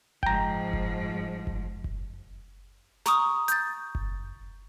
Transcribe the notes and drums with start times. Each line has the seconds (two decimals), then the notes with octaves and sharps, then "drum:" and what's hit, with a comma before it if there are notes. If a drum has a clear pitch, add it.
0.23 G#2 F3 G5 A#5, drum: kick F#1
0.73 drum: kick F#1
1.47 drum: kick F#1
1.84 drum: kick F#1
3.06 A#5 C#6 D#6, drum: snare
3.48 G6 A6, drum: hi-hat
3.95 drum: kick F#1